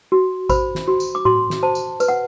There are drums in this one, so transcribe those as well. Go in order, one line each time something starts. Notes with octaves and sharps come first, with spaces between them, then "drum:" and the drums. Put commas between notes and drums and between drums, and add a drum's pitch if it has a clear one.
F#4
C5 B5, drum: kick A1, tambourine
drum: snare
F#4
drum: tambourine
D6
F#4 C6, drum: tom A2
drum: snare
C5 A5
drum: tambourine
B4, drum: tambourine
F#5